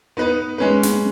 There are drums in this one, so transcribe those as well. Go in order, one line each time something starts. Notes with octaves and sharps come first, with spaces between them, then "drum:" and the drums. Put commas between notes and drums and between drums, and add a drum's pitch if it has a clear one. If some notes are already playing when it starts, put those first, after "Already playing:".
B3 D#4 B4
G#3 C#4 B4
drum: snare